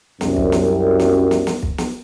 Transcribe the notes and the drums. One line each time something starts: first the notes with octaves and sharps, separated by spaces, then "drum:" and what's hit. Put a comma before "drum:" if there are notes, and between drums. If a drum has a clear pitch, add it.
C2 F#2, drum: snare
drum: kick
drum: snare
drum: snare
drum: snare
drum: snare
drum: kick
drum: snare